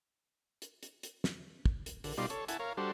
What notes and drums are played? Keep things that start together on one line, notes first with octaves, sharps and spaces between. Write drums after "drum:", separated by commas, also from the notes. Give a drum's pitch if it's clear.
drum: hi-hat
drum: hi-hat
drum: hi-hat
drum: snare
drum: kick
drum: hi-hat
D3, drum: open hi-hat
B2 G3 D#4 F4 D5 C6
A4 C#5, drum: hi-hat
E4 F#5 G#5 A5, drum: hi-hat
A#4 C#5 F5
G3 D4 F#4 A4 C5